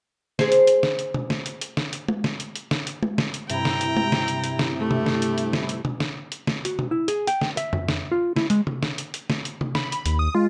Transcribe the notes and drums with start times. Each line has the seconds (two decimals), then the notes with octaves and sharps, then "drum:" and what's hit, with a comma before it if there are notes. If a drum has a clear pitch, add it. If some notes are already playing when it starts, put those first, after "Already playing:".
0.39 G#4 C5, drum: snare
0.52 drum: hi-hat
0.67 drum: hi-hat
0.83 drum: snare
0.99 drum: hi-hat
1.14 drum: tom B2
1.30 drum: snare
1.46 drum: hi-hat
1.61 drum: hi-hat
1.77 drum: snare
1.93 drum: hi-hat
2.08 drum: tom G#3
2.24 drum: snare
2.40 drum: hi-hat
2.56 drum: hi-hat
2.71 drum: snare
2.87 drum: hi-hat
3.03 drum: tom G#3
3.18 drum: snare
3.34 drum: hi-hat
3.50 G2 C3 E4 G5 A#5, drum: hi-hat
3.65 drum: snare
3.81 drum: hi-hat
3.97 drum: tom G#3
4.12 drum: snare
4.28 drum: hi-hat
4.44 drum: hi-hat
4.59 drum: snare
4.79 A3 G4
4.91 drum: tom B2
5.06 drum: snare
5.22 drum: hi-hat
5.38 drum: hi-hat
5.53 drum: snare
5.69 drum: hi-hat
5.85 drum: tom B2
6.00 drum: snare
6.32 drum: hi-hat
6.47 drum: snare
6.65 F#4, drum: hi-hat
6.79 drum: tom B2
6.91 E4
7.08 G#4, drum: hi-hat
7.27 G5, drum: hi-hat
7.41 drum: snare
7.57 E5, drum: hi-hat
7.73 drum: tom F2
7.89 drum: snare
8.12 F4
8.36 E4, drum: snare
8.50 G#3, drum: hi-hat
8.67 drum: tom C3
8.83 drum: snare
8.98 drum: hi-hat
9.14 drum: hi-hat
9.30 drum: snare
9.45 drum: hi-hat
9.61 drum: tom C3
9.75 B5, drum: snare
9.92 drum: hi-hat
10.06 D#2, drum: hi-hat
10.19 D#6
10.35 G#3 F4